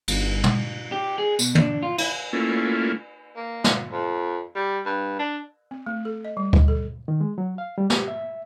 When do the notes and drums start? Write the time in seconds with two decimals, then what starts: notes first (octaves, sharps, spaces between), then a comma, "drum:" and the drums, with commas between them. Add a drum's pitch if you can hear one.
0.08 G1, drum: cymbal
0.44 drum: tom
0.92 G4
1.18 G#4
1.39 B2, drum: tambourine
1.55 D4, drum: tom
1.83 F4
1.98 E4, drum: cymbal
2.33 A3 A#3 C#4 E4 F4
3.36 A#3
3.64 drum: snare
3.91 F2
4.56 G3
4.86 G2
5.19 D4
5.71 C4
5.86 A3
6.05 A4
6.25 D#5
6.37 G3
6.53 D#5, drum: kick D2
6.68 A4
7.08 D#3
7.21 G#3
7.38 F#3
7.58 F5
7.78 G3
7.90 G4, drum: snare
8.08 E5